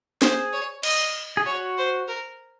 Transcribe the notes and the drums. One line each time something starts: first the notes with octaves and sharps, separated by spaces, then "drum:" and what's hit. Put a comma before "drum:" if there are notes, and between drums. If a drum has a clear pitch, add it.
G#4 C5, drum: snare
C#5
D#5, drum: cymbal
G#4
F#4 C#5
C5
A#4